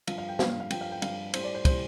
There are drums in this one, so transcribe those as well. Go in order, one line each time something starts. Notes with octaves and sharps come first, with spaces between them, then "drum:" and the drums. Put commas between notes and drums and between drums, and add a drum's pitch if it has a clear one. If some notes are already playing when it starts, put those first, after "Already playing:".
G2 F3 F5, drum: cymbal
F5
G5
G2 F3 F5, drum: snare
F5
F5
G2 F3 G5, drum: cymbal
F5
G5
G2 F3 F5, drum: cymbal
A2 G3 C5, drum: cymbal
D5
C5
A2 G3 C5, drum: kick, cymbal